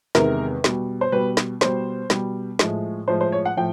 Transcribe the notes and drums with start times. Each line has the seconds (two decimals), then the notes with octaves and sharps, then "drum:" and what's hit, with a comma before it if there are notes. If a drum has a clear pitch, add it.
0.15 E2 C3 D#3 G#3 A#4, drum: snare
0.64 B2 G3, drum: snare
1.01 C5
1.12 B2 G3 B4
1.37 drum: snare
1.61 B2 G3 C5, drum: snare
2.10 B2 G3, drum: snare
2.59 A2 F3 G#3, drum: snare
3.08 A2 F3 G#3 C5
3.21 C5
3.32 C#5
3.45 F#5
3.57 A2 F3 G5